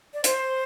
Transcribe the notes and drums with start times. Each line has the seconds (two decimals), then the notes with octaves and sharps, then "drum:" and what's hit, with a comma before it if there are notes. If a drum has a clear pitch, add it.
0.14 D5
0.24 C5, drum: hi-hat